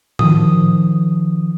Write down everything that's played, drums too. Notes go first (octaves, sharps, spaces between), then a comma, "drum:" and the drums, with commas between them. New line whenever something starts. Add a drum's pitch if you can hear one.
D#3 F3 D#6, drum: tom A2